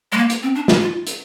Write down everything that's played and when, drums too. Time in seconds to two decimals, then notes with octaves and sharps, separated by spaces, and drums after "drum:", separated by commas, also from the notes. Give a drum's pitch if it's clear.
0.12 G#3
0.17 A#3
0.30 drum: hi-hat
0.43 C4
0.55 D4
0.68 F4, drum: snare
0.81 F4
1.07 drum: hi-hat